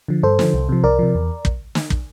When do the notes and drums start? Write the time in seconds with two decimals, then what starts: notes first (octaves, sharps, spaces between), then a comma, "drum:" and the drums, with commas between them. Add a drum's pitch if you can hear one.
0.08 D3 F3
0.23 G2 A4 C5
0.39 D3 F3, drum: snare
0.54 C2
0.69 C3 F3
0.83 C2 A#4 D5
0.99 C3 F3
1.15 E2
1.45 drum: kick
1.75 drum: snare
1.90 drum: kick